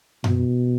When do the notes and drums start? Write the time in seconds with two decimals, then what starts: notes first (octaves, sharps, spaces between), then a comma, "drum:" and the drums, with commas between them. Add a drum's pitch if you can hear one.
0.24 B2, drum: tom F#2